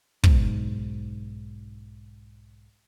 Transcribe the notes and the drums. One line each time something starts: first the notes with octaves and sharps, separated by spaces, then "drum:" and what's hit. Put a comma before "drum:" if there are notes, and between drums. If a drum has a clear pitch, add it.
B1 G#2, drum: kick